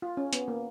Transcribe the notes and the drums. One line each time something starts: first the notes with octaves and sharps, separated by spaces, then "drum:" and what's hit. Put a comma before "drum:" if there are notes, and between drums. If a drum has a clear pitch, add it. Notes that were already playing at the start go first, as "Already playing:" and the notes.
F4
C#4
B3, drum: hi-hat
A#3